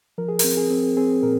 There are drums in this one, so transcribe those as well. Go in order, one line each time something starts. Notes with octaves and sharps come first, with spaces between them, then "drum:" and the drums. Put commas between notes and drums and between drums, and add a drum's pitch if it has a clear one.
F3 A#4
G#4
C4 A#4, drum: open hi-hat
G#4
C4
C4 G#4
A#2 A#4